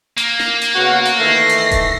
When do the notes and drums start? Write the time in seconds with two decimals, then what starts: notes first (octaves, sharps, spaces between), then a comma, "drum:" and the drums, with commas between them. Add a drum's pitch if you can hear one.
0.18 A#3, drum: hi-hat
0.40 drum: snare
0.62 drum: hi-hat
0.75 C#3 B3 F#4
1.05 drum: hi-hat
1.19 D#3 E3 A3 A#6 C7
1.49 drum: hi-hat
1.71 drum: kick D#1, hi-hat